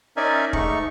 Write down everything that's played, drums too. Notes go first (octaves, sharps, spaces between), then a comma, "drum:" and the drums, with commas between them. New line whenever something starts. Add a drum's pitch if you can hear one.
C#4 D#4 A#4 D5 E5 G#5
G#2 A3 D#4 C#6, drum: kick